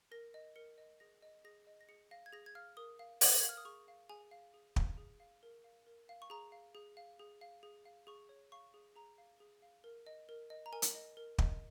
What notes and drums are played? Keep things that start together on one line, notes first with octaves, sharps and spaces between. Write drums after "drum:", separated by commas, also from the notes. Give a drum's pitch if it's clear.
A#4 A#6
D#5
A#4 C#7
D#5
G#4 A#6
D#5
G#4 A#6
D#5
A#6
G#4 C#7
F5 A#6
G#6
G#4 A#6
G#6
F5 F6
A#4 D#6
F5
A#4, drum: open hi-hat
G#6
F5
F6
D#6
G#4 C#6
F5
G#4 G#5
F5
G#4
F5, drum: kick
G#4
F5
A#4
F5
A#4
F5
C#6
G#4 A#5
F5
G#4
F5
G#4
F5
G#4
F5
G#4 C#6
C#5
F5 C#6
G#4
G#4 A#5
F5
G#4
F5
A#4
D#5
A#4
D#5
A#5
A#4 G#5
drum: hi-hat
D#5
A#4
D#5, drum: kick